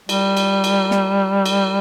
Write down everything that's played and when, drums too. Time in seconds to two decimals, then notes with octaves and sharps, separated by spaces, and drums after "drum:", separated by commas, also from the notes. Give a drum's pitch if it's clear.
0.09 G3, drum: cymbal
0.37 drum: cymbal
0.64 drum: cymbal
0.91 drum: snare
1.46 drum: cymbal